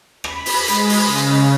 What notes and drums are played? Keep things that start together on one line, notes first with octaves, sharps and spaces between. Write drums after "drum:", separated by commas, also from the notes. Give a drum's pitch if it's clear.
B5, drum: rim click
drum: open hi-hat
G#3, drum: hi-hat
drum: open hi-hat
C#3